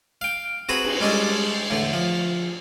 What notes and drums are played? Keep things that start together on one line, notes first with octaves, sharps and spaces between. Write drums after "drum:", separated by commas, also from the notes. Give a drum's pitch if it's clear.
F5 G5
C4 F#4 G#4 B4 A#5 B5
drum: cymbal
G3 G#3 C#4 D4 G#4 A4
E2 A2 D3
F3